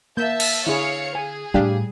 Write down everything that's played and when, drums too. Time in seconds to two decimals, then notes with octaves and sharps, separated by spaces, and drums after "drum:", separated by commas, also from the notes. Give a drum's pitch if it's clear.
0.17 A#3 E5 A5 G6
0.40 drum: cymbal
0.67 D3 E4 G#4 C#5 F5 C#7
1.15 G#4 G#5
1.54 A2 G3 D4 G4 F5